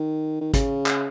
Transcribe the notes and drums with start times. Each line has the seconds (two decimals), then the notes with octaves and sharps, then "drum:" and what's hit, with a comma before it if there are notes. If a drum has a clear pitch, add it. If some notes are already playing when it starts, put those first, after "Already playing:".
Already playing: D#3
0.41 D#3
0.54 C#3, drum: kick G#1, hi-hat
0.86 drum: clap